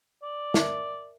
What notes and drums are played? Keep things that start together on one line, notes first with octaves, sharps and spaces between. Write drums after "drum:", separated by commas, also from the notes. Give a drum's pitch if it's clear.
D5
A#4 E5 A5, drum: snare